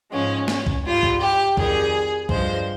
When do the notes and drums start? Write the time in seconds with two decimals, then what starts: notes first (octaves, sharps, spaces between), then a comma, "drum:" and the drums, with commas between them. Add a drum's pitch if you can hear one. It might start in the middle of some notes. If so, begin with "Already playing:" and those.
0.12 G#2 F3 G#3 C#4
0.48 C#4, drum: snare
0.67 drum: kick
0.85 G#2 G3 F4
1.03 drum: kick
1.21 G4
1.57 F2 D#3 G3 G#4, drum: kick
2.29 G2 F3 G#3 C5, drum: kick